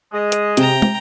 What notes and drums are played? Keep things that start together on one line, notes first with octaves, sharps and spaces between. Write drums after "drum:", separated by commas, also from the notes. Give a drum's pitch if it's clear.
G#3 D#5
drum: hi-hat
C3 G5 A#5, drum: hi-hat
drum: tom